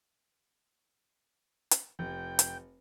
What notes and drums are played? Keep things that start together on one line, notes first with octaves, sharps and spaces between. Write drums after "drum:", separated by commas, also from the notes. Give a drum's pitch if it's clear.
drum: hi-hat
F1 G5
drum: hi-hat